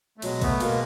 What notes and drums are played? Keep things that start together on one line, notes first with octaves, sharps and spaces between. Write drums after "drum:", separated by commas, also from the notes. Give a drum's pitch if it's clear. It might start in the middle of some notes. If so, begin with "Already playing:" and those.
A3
B2 F#3 G#3, drum: cymbal
A3 B3, drum: kick, cymbal
B2 G#3 A#3, drum: cymbal